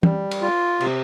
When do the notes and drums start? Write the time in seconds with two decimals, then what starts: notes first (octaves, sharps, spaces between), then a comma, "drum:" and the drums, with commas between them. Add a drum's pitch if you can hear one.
0.03 G3, drum: tom
0.31 drum: cymbal
0.41 F4
0.80 C3, drum: cymbal